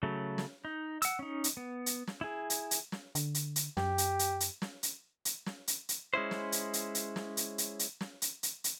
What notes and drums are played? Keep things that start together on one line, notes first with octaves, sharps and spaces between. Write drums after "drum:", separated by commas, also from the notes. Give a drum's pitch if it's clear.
C#3 F#3 A3
drum: snare
D#4
F#5 E6, drum: hi-hat
C#4 D#4
drum: hi-hat
B3
drum: hi-hat
drum: snare
E4 G#4
drum: hi-hat
drum: hi-hat
drum: snare
D3, drum: hi-hat
drum: hi-hat
drum: hi-hat
F#2 G4, drum: snare
drum: hi-hat
drum: hi-hat
drum: hi-hat
drum: snare
drum: hi-hat
drum: hi-hat
drum: snare
drum: hi-hat
drum: hi-hat
G#3 C#4 E4 C5
drum: snare
drum: hi-hat
drum: hi-hat
drum: hi-hat
drum: snare
drum: hi-hat
drum: hi-hat
drum: hi-hat
drum: snare
drum: hi-hat
drum: hi-hat
drum: hi-hat